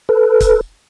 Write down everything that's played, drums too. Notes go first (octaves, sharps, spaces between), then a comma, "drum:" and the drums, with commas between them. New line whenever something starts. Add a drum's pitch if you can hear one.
A4 B4
drum: kick, hi-hat